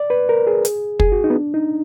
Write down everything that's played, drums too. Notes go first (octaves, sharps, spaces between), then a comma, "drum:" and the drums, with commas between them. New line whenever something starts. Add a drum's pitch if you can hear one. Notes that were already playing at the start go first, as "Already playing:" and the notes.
Already playing: D5
B4
A#4
G#4
drum: hi-hat
G#4, drum: kick
F#4
D#4
B3
D4
D#4